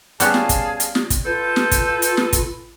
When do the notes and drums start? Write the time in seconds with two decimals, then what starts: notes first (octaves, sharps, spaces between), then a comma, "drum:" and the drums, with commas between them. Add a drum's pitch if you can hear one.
0.20 G3 B3 C#4 G#4 F5 A5, drum: hi-hat
0.34 drum: snare
0.49 drum: kick, hi-hat
0.80 drum: hi-hat
0.95 drum: snare
1.10 drum: kick, hi-hat
1.26 F4 A4 B4 G6
1.56 drum: snare
1.71 drum: kick, hi-hat
2.02 drum: hi-hat
2.17 drum: snare
2.33 drum: kick, hi-hat